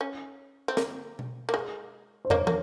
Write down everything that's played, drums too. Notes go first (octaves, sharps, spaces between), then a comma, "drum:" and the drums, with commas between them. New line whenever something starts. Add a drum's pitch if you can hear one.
C#4
C4
A#3, drum: snare
drum: tom B2
A#3
G#3
C5
A#3 C#5, drum: tom
A#3, drum: tom